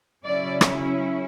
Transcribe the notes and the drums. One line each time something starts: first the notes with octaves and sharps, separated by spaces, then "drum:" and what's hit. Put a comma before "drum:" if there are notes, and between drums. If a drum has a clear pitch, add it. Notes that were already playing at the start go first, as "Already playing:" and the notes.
C#3 F#3 C#4 E4 D5
drum: rim click